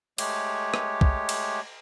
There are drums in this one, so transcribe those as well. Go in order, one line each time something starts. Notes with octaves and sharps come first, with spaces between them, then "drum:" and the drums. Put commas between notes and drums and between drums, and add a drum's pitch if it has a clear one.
G#3 A3 G4 C#5, drum: cymbal
drum: rim click
drum: kick
drum: cymbal